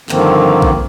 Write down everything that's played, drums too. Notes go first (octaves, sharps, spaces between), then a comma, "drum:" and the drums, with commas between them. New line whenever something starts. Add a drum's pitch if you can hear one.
G2 D3 D#3 F3 A#3 C4, drum: clap
drum: kick A#1